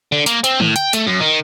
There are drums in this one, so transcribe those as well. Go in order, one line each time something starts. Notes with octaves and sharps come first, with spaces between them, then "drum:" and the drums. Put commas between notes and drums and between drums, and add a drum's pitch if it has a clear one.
D3
A#3, drum: hi-hat
C4, drum: hi-hat
A2, drum: tom D3
G5, drum: hi-hat
A3, drum: hi-hat
F#2
D#3